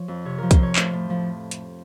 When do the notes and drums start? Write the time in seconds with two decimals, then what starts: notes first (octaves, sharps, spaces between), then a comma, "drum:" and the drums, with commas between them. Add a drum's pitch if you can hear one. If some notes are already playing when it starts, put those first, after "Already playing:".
Already playing: F3 C#5
0.08 F2
0.25 C3 C#5
0.38 F3 A#4
0.51 C5, drum: kick, hi-hat
0.59 F2 C#5
0.76 A2 C5, drum: clap
0.93 A2
1.10 F3
1.51 drum: hi-hat